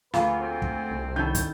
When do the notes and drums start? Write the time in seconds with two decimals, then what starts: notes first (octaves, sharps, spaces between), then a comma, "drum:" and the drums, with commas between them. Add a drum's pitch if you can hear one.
0.14 D2 A#3 F4 G#4 B4, drum: snare
0.41 C4
0.62 drum: kick
0.91 C2
1.16 D#3 C#4 E4 A4 G6
1.35 drum: kick, hi-hat